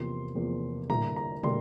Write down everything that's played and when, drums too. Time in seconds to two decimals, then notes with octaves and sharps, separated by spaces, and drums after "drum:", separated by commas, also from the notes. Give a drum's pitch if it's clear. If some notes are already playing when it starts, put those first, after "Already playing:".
Already playing: E2 C3 F3 A#3 C6
0.35 E2 C3 F3 A#3
0.90 D3 G3 A#3 E4 A#5, drum: tom A2
1.16 A#5
1.44 D3 G3 A#3 C6, drum: tom